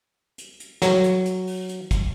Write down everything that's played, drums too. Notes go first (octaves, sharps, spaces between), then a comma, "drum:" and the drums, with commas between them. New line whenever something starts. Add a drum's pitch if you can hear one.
drum: hi-hat
drum: hi-hat
F#3, drum: snare
drum: hi-hat
drum: hi-hat
drum: open hi-hat
drum: hi-hat
drum: kick, hi-hat